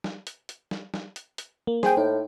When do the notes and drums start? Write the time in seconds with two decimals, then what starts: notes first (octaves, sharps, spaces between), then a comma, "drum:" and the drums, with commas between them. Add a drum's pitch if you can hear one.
0.04 drum: snare
0.27 drum: hi-hat
0.49 drum: hi-hat
0.71 drum: snare
0.94 drum: snare
1.16 drum: hi-hat
1.38 drum: hi-hat
1.67 A#3
1.83 G#4 C5 G5, drum: snare
1.97 A2 D#4